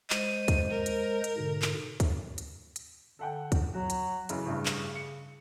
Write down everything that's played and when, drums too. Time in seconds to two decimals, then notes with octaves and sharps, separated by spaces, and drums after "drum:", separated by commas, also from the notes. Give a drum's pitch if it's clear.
0.10 G#3 C5 D#7, drum: clap
0.48 drum: kick, hi-hat
0.70 A#4
0.86 drum: hi-hat
1.24 drum: hi-hat
1.37 G#2 B2 D3
1.62 drum: clap
2.00 drum: kick, hi-hat
2.38 drum: hi-hat
2.76 drum: hi-hat
3.19 D3 A4 F#5 G5
3.52 drum: kick, hi-hat
3.74 F#3 F#4
3.90 drum: hi-hat
4.29 F#2 C#3 E3, drum: hi-hat
4.46 A1 G2 C#3
4.66 drum: clap
4.96 C#7